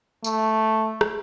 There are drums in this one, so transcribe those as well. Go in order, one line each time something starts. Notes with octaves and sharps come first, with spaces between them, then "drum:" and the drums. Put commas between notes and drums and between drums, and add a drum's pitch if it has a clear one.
A3, drum: tambourine
drum: rim click